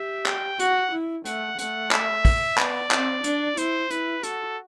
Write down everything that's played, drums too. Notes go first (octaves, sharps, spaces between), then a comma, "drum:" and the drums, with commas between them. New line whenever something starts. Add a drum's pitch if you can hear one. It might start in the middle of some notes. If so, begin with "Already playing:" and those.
Already playing: G4 E5
G5, drum: clap
F#4 F#5, drum: hi-hat
E4
A3 F#5, drum: hi-hat
A3 F#5, drum: hi-hat
E5, drum: clap
drum: kick, open hi-hat
B3 D5, drum: clap
C4, drum: clap
D4, drum: hi-hat
E4 C5, drum: hi-hat
E4 B4, drum: hi-hat
F#4 A4, drum: hi-hat